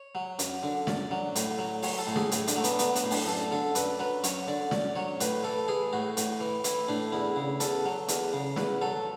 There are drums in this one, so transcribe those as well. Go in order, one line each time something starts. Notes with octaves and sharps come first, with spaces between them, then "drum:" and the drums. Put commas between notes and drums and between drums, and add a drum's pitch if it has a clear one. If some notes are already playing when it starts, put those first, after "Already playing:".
Already playing: C#5
F#3
F#2, drum: hi-hat
D3
F#2 D5, drum: snare
F#3
A2, drum: hi-hat
F#3
F#3 C#5, drum: open hi-hat
A4
A2
G#4, drum: snare
A2, drum: hi-hat
D4, drum: hi-hat
F#3 A3
B3, drum: hi-hat
F#3 B3, drum: hi-hat
B3, drum: hi-hat
A2
D4, drum: open hi-hat
F#2 A4
D3 A4
F#2 B4, drum: hi-hat
F#3 B4
F#2 C#5, drum: hi-hat
D3 D5
F#2 D5, drum: snare
F#3 C#5
A2 B4, drum: hi-hat
E3 A4
E3 G#4
A2 F#4
A2, drum: hi-hat
E3
E3 E4, drum: hi-hat
A2 D4
E2 E4
C#3
E2 A4, drum: hi-hat
F#3
E2, drum: hi-hat
C#3
E2 B4, drum: snare
F#3 A4